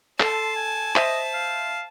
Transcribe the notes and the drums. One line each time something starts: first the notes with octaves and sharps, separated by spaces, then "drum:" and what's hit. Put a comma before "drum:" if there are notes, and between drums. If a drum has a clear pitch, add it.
A4 A5 C6, drum: clap
G#5
C5 D#5 E5 D#7, drum: clap
F5